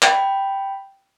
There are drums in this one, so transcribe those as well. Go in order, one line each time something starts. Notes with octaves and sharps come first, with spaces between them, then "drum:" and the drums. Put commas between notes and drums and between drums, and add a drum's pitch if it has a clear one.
G5 B5, drum: clap